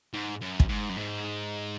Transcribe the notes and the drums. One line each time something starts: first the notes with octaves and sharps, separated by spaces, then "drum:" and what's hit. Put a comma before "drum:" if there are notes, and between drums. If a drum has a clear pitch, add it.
G#2
F#2
drum: kick
G#2
F#2
G#2